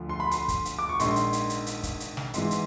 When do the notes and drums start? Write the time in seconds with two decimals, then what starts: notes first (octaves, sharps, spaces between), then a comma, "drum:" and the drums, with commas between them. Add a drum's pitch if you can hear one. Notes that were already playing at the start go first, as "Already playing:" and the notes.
Already playing: D2 D3 F3
0.09 C6
0.20 B5
0.31 C6, drum: hi-hat
0.48 drum: kick, hi-hat
0.65 drum: hi-hat
0.79 D6
0.89 C#6
1.00 A#1 G#2 D#3 C6, drum: hi-hat
1.16 drum: hi-hat
1.33 drum: hi-hat
1.50 drum: hi-hat
1.66 drum: hi-hat
1.83 drum: kick, hi-hat
2.00 drum: hi-hat
2.17 drum: snare
2.33 G#1 G#2 E3 C6, drum: hi-hat
2.51 drum: hi-hat